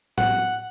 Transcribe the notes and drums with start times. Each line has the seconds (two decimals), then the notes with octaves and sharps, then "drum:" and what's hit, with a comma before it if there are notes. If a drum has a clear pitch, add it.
0.18 F#5, drum: tom